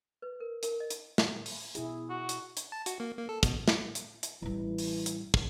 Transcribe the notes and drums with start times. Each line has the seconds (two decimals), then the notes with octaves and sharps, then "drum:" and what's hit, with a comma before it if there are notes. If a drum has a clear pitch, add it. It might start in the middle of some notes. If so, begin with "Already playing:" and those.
0.22 B4
0.40 A#4
0.63 A#4, drum: hi-hat
0.80 D#5
0.90 drum: hi-hat
1.18 drum: snare
1.46 drum: open hi-hat
1.75 B2 E4 G#4, drum: hi-hat
2.10 F#4
2.29 drum: hi-hat
2.57 drum: hi-hat
2.72 A5
2.86 F#4, drum: hi-hat
3.00 A#3
3.17 A#3
3.29 A4
3.43 B2, drum: kick, hi-hat
3.68 drum: snare
3.95 drum: hi-hat
4.23 drum: hi-hat
4.42 A1 E3 G3
4.78 drum: open hi-hat
5.06 drum: hi-hat
5.34 drum: kick